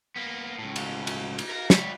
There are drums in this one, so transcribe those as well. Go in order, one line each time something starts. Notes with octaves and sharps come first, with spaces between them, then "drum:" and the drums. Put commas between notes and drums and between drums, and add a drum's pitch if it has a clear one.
A#3 B3
C#2 A2
drum: cymbal
drum: cymbal
drum: cymbal
A#4 A#5
G3 C#5, drum: snare